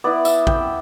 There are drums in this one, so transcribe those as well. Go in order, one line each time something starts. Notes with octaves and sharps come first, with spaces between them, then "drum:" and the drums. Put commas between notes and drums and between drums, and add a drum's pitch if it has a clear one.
B3 E4 D5
E5, drum: tambourine
G5, drum: kick